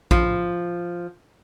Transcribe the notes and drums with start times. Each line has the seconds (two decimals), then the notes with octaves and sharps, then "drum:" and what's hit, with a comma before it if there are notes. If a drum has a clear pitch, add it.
0.11 F3, drum: kick A#1